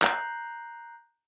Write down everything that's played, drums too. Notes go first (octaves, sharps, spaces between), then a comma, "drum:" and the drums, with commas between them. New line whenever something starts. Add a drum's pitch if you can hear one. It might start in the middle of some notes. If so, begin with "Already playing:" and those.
A#5 F#6 G6 C7, drum: clap